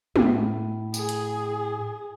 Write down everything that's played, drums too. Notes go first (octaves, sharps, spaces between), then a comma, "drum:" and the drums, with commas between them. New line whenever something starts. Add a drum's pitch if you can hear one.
A2, drum: tom G#3
G#4, drum: tambourine
drum: hi-hat